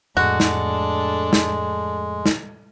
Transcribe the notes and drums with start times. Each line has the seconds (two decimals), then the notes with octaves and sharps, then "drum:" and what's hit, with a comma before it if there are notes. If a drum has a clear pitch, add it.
0.17 F2 A2 G#3 D4 F#4 A4
0.40 drum: snare
1.33 drum: snare
2.26 drum: snare